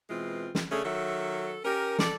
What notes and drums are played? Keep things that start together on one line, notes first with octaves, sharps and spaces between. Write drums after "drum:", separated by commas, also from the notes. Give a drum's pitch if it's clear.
B2 E3 G#3 C4 F4
drum: snare
C#3 A3 C#4 D4 G#4
D#3 F#3 A4 E5
C#4 G4 A#4
A4 D5, drum: snare